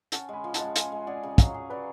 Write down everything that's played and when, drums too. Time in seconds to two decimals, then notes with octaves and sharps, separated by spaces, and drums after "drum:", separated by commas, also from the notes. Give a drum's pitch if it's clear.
0.12 C#4 F#5 A5, drum: hi-hat
0.29 G#3 G#5 B5
0.44 F3
0.54 F#5 A5, drum: hi-hat
0.60 G#3
0.76 G#3 F5 G#5, drum: hi-hat
0.92 G#3
1.07 G#4 D5 F#5
1.23 C#3
1.38 F#3 C#5 F5, drum: kick, hi-hat
1.54 G#4
1.70 F#3 B4 D5